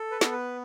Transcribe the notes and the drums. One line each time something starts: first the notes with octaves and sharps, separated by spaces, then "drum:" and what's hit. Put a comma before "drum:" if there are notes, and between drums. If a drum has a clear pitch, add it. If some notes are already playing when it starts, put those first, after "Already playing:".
Already playing: A4
B4
B3, drum: snare
B4